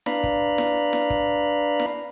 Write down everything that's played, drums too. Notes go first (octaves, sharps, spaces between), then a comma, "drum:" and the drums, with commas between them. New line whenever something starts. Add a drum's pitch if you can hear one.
D4 B4 D5 F5 A#5 B5, drum: snare E4
drum: kick
drum: snare E4
drum: snare E4
drum: kick
drum: snare E4